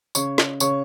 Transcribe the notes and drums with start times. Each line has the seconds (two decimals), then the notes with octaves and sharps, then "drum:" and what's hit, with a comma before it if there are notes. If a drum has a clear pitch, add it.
0.15 C#3 C#5 C#6, drum: tambourine
0.38 drum: snare
0.60 C#3 C#5 C#6, drum: tambourine